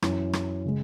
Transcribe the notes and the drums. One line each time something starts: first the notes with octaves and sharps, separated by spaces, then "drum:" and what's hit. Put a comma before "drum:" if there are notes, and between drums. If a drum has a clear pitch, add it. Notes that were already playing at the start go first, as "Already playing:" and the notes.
F#2 E3 C#4, drum: rim click
drum: rim click
C#3 G#3